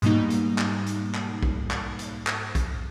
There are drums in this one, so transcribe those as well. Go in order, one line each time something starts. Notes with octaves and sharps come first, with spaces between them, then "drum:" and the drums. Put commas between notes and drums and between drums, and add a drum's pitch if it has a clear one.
G#2 B2 G3 A#3 D#4, drum: hi-hat
drum: hi-hat
drum: clap
drum: hi-hat
drum: clap
drum: kick
drum: clap
drum: hi-hat
drum: clap
drum: kick, hi-hat